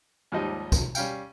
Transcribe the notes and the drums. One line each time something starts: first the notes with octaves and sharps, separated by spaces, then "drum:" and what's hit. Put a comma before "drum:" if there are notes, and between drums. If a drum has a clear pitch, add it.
D#2 G#2 F3 G3 D#4
drum: kick, tambourine
G3 C#4 F5 G5, drum: tambourine